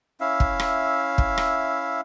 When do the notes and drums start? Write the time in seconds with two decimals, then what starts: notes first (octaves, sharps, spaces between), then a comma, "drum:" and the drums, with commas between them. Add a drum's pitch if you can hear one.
0.21 C#4 E4 E5 F5
0.40 drum: kick
0.60 drum: rim click
1.18 drum: kick
1.38 drum: rim click